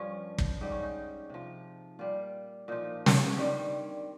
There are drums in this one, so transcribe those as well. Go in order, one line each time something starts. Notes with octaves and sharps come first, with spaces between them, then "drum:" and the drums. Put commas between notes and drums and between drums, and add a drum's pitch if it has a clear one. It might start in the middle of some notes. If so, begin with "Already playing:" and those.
Already playing: G2 F3 C#4
drum: kick
G#2 G3 D#4
C#4
D#4
C3 F3
A#2 G3 F4
A#2 F3 D#4
drum: snare
C#4
G2 D#3 G3 C4